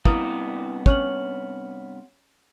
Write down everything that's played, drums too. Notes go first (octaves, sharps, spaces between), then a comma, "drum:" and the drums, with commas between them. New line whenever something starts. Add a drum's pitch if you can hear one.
G2 C3 A#3 B3 E4 B4 D#6, drum: kick
C#4 C#5 F6 F#7, drum: kick